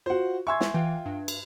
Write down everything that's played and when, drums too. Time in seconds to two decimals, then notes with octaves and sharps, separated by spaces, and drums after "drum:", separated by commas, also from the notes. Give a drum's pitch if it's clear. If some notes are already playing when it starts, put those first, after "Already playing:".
0.06 F4 F#4 C5 F#5
0.47 E5 G#5 C6 C#6 E6 G#6
0.61 drum: snare
0.74 E3 F4 G5
1.06 G2
1.28 drum: cymbal